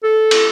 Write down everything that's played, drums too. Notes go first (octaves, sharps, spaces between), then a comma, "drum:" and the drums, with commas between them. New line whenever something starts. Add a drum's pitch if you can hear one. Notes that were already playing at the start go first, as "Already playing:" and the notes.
A4
drum: cymbal